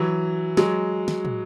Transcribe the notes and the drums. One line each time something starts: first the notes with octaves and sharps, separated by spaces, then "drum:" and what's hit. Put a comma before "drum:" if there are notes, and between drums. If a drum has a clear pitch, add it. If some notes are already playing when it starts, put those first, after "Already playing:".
Already playing: E3 F#3
F#3 G#3, drum: snare
drum: snare
drum: tom